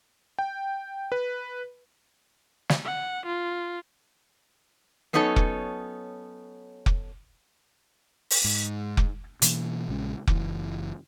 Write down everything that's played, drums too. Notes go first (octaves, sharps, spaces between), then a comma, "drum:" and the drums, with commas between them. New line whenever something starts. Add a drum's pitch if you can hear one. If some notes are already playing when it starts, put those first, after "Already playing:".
G5
B4
drum: snare
F#5
F4
F#3 B3 C#4 D#4 A4 C#5
drum: kick F1
drum: kick F1
drum: open hi-hat
G#2
drum: kick F1
B2 E3 A#3, drum: hi-hat
A#1 C#3 G#3 C#4
F#1 E3, drum: kick F1